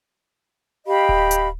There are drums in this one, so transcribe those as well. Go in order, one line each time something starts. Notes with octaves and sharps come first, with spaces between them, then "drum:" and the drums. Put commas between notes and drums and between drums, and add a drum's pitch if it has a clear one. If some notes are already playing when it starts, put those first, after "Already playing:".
G4 D#5 F5 B5
drum: kick D1
drum: hi-hat